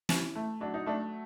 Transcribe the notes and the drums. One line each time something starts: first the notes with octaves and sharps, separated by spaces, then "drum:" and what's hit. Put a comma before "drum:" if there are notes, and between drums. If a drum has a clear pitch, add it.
E3 C#4, drum: snare
A3
F#3 D4
D#4
A3 D4